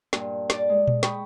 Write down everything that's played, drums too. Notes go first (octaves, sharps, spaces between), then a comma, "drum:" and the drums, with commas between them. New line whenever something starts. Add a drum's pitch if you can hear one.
G2 A#2, drum: snare
D5 D6, drum: snare
G#3
drum: tom A#2
G5 B5 C#6 D#6, drum: snare